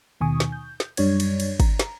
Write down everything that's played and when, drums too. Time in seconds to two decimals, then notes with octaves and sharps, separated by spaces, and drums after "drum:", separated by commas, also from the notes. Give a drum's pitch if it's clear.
0.21 D#2 B2 D#3 G#5 C#6 D#6
0.40 drum: snare
0.52 G6
0.80 drum: snare
0.97 F#2 G3 D4 C#5 D5 G#6, drum: cymbal
1.20 drum: cymbal
1.40 drum: cymbal
1.60 A#5, drum: kick, cymbal
1.79 drum: snare